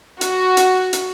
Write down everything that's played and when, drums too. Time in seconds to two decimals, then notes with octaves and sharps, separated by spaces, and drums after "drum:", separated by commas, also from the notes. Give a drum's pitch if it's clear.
0.21 F#4, drum: hi-hat
0.57 drum: hi-hat
0.93 drum: hi-hat